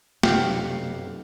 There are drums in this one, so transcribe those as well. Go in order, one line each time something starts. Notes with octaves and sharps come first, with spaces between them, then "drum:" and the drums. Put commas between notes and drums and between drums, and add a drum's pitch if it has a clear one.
B1 F#2 C3 G4 F5 F#5, drum: snare